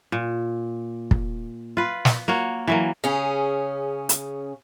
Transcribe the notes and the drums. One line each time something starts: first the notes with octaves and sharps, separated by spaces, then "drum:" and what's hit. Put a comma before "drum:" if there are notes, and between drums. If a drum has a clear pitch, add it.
A#2
drum: kick
F4 B4
drum: snare
A#3 F#4 C#5
E3 F#3 A#3
C#3 C#4 G#4
drum: hi-hat